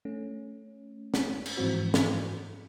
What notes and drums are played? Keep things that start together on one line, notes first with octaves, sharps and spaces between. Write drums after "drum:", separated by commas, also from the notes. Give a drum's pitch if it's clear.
A3 C#4
drum: snare
drum: cymbal
G#2 E3 F3 G#3 C4 F#4
drum: snare